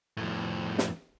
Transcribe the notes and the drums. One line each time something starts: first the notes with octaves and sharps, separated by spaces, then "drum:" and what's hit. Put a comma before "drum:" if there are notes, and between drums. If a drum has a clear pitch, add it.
F2 A2
drum: snare